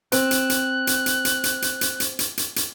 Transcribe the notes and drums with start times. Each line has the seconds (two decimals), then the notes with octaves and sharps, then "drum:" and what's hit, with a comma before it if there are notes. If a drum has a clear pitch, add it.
0.12 C4 F#6, drum: hi-hat
0.31 drum: hi-hat
0.50 drum: hi-hat
0.87 drum: hi-hat
1.06 drum: hi-hat
1.25 drum: hi-hat
1.44 drum: hi-hat
1.62 drum: hi-hat
1.81 drum: hi-hat
2.00 drum: hi-hat
2.19 drum: hi-hat
2.37 drum: hi-hat
2.56 drum: hi-hat